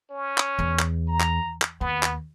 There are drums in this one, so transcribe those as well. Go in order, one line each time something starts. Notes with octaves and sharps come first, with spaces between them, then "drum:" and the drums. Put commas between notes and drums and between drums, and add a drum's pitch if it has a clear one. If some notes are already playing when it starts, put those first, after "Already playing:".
C#4
drum: clap
E2
drum: clap
A#5
drum: clap
drum: clap
D#2 B3
drum: clap